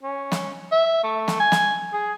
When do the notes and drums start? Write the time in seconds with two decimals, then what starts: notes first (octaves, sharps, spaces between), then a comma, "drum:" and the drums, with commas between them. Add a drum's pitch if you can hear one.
0.03 C#4
0.32 drum: snare
0.72 E5
1.04 A3
1.28 drum: snare
1.40 G#5
1.52 drum: snare
1.93 G#4